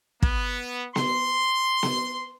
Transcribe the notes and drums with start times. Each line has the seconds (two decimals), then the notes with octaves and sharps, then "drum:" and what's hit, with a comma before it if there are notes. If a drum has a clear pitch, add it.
0.22 B3, drum: kick
0.96 C6, drum: snare B3
1.83 drum: snare B3